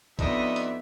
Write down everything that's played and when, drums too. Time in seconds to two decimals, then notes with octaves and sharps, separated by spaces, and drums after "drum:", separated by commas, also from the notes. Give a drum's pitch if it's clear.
0.19 F2 B3 D4 D#4 D#5 E5, drum: kick A#1, hi-hat
0.56 drum: hi-hat